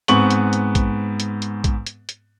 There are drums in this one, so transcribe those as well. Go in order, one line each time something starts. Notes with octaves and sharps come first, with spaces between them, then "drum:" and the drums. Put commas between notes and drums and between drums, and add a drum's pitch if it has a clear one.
G#2 B3 C4 B4 C#6 F#7, drum: hi-hat
drum: hi-hat
drum: hi-hat
drum: kick A#1, hi-hat
drum: hi-hat
drum: hi-hat
drum: kick A#1, hi-hat
drum: hi-hat
drum: hi-hat